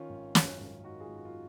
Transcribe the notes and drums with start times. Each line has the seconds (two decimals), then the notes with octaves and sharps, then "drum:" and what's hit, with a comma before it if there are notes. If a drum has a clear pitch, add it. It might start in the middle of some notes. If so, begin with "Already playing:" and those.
Already playing: D#3 C#4 F4
0.09 G#1
0.35 F#2, drum: snare
0.59 G#1
0.83 F#2 D#4 F#4
1.00 F4 G#4
1.09 G#1
1.17 F#4
1.25 F4